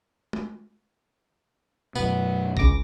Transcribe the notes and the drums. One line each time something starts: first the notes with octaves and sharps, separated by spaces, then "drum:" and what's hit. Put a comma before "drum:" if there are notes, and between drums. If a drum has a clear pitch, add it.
drum: tom G#3
F#2 B2 B3, drum: tambourine
C#2 D6 A#6, drum: kick